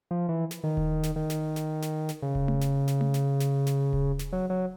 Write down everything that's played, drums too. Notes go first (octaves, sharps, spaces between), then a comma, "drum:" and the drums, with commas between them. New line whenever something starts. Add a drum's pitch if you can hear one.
F3
E3
drum: snare
D#3
drum: kick D#1
drum: snare
D#3
drum: snare
drum: snare
drum: snare
drum: snare
C#3
drum: kick D#1
drum: tom A3
drum: snare
drum: snare
drum: tom A3
drum: snare
drum: snare
drum: snare
drum: kick D#1
drum: snare
F#3
F#3